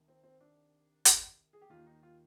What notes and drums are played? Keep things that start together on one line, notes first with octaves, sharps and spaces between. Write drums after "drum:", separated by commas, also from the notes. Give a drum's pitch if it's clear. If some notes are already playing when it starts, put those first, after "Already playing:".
Already playing: C2 C3 D#3
C4
C4
D4
drum: hi-hat
G#4
G4
D#2 D#3 F4
D#4
F4